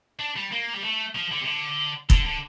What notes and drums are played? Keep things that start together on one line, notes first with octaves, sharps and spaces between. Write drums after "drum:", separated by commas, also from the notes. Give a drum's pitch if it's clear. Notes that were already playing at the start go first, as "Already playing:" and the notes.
D4
G3
A#3
G3
A3
F3
D3
C3
D3
D3, drum: kick
D3